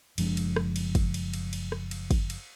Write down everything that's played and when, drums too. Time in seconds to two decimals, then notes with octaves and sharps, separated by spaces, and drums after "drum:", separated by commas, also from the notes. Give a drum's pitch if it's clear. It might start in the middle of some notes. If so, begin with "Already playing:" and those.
0.18 F#1 F3 G#3 D4, drum: cymbal
0.37 drum: cymbal
0.56 drum: rim click
0.76 drum: cymbal
0.95 drum: kick, cymbal
1.14 drum: cymbal
1.34 drum: cymbal
1.53 drum: cymbal
1.72 drum: rim click
1.91 drum: cymbal
2.11 drum: kick, cymbal
2.30 drum: cymbal